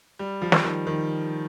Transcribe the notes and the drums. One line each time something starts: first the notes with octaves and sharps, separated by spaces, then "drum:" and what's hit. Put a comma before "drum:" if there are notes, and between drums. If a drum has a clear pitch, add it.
G3
F3
drum: snare
D#3
D#3